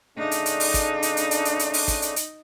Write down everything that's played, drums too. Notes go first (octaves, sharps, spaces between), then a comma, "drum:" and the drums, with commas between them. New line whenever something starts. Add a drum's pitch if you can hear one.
C#3 A3 D4 D#4
drum: hi-hat
drum: hi-hat
drum: open hi-hat
drum: kick, hi-hat
drum: hi-hat
drum: hi-hat
drum: hi-hat
drum: hi-hat
drum: hi-hat
drum: open hi-hat
drum: kick, hi-hat
drum: hi-hat
drum: hi-hat